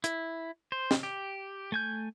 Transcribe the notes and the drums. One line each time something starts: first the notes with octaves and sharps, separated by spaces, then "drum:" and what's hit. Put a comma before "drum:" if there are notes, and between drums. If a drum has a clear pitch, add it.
E4, drum: hi-hat
C5
drum: snare
G4
A3 G#5 G6